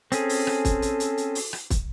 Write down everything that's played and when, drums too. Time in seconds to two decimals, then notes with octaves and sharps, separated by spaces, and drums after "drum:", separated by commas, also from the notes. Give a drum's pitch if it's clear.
0.12 C4 C#4 G#4 A4, drum: hi-hat
0.29 drum: open hi-hat
0.47 drum: rim click
0.65 drum: kick, hi-hat
0.82 drum: hi-hat
1.00 drum: hi-hat
1.18 drum: hi-hat
1.35 drum: open hi-hat
1.53 drum: rim click
1.70 drum: kick, hi-hat